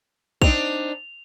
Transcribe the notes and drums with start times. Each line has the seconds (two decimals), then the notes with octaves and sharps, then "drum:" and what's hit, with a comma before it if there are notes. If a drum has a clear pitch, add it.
0.42 C4 D4 D#4 F7, drum: kick